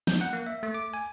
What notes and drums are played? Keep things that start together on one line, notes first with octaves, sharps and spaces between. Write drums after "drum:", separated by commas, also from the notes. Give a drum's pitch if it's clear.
G6, drum: snare
F#5
A#3
E5
A3
D6
G#5